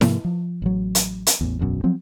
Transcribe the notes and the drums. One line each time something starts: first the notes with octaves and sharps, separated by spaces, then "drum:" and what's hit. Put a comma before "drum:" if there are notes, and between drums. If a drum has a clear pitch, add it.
G#2 C3 F3 A#3, drum: snare E4
F3
A1 F#3
drum: hi-hat
drum: hi-hat
A1 E2
E1 B1 F#2 B2
F3 F#3 C4